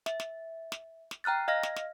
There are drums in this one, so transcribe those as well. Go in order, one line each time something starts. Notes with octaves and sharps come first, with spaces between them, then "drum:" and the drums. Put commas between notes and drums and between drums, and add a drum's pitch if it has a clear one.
E5, drum: snare
drum: snare
drum: snare
drum: snare
G5 A#5 F6 F#6 A6
D#5 F5 F6 A#6
drum: snare
drum: snare